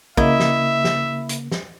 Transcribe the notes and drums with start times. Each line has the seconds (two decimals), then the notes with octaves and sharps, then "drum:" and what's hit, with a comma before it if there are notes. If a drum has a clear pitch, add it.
0.17 C#3 A#3 E4 D#5 E5, drum: kick
0.40 drum: snare
0.84 drum: snare
1.29 drum: hi-hat
1.52 drum: snare